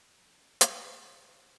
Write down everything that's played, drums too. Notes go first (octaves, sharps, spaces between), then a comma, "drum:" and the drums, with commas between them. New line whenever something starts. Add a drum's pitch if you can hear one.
F3 C#5
C#4
F3, drum: hi-hat
C#4
D#3 A#4